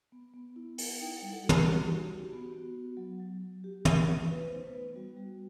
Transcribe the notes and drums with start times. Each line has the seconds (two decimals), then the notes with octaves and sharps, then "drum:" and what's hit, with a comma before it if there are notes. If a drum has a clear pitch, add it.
0.12 B3
0.34 B3
0.56 E4
0.78 E4, drum: open hi-hat
1.00 D#4 G5
1.17 F#5
1.22 G3
1.33 A4
1.44 F#4
1.49 G4, drum: tom
1.61 G4
1.66 F#4
1.88 D#4
1.99 G4
2.10 F#4
2.25 G4
2.32 B3 F#4
2.53 B3
2.75 B3
2.97 F#3
3.20 F#3
3.41 F#3
3.64 F#4 G4
3.85 A3, drum: tom
4.07 A3
4.29 B3 B4
4.46 C5
4.52 D#4
4.63 B4
4.73 B3
4.96 G3 F#4
5.17 G3